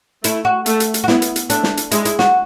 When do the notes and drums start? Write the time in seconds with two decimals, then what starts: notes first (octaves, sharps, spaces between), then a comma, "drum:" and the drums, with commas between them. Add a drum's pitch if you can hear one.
0.24 A3 E4, drum: hi-hat
0.45 F#4
0.66 A3, drum: hi-hat
0.80 drum: hi-hat
0.94 drum: hi-hat
1.04 F#4
1.08 B3 E4, drum: snare
1.22 drum: hi-hat
1.36 drum: hi-hat
1.50 A3 D4, drum: hi-hat
1.63 drum: snare
1.77 drum: hi-hat
1.91 G#3 E4, drum: hi-hat
2.05 E4, drum: hi-hat
2.19 F#4, drum: snare